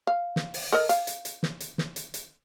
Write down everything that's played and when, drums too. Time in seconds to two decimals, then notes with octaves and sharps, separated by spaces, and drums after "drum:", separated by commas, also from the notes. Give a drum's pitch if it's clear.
0.07 F5
0.36 drum: snare
0.54 drum: open hi-hat
0.72 A4 A#4 D#5
0.89 F5, drum: hi-hat
1.07 drum: hi-hat
1.25 drum: hi-hat
1.43 drum: snare
1.60 drum: hi-hat
1.78 drum: snare
1.96 drum: hi-hat
2.14 drum: hi-hat